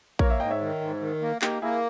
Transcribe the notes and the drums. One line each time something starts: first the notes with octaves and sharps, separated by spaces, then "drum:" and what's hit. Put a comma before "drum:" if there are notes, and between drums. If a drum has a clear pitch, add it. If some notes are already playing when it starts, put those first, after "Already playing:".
A#3 A#4 C#5, drum: kick A#1
C#5 E5
G#2 D#5 G5
C#5 E5
D#3
G#2
D#3
A#3
A#3 D#4 G4, drum: clap
A#3 E4 G#4